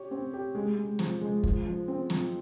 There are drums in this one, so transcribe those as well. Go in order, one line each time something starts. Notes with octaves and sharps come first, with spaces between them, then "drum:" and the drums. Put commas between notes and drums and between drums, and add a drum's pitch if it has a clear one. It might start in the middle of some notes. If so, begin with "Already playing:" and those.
Already playing: G4 C#5
C4
G4
G#3
G#3
F3, drum: snare
G#3
F3, drum: kick
F3
C4
F3, drum: snare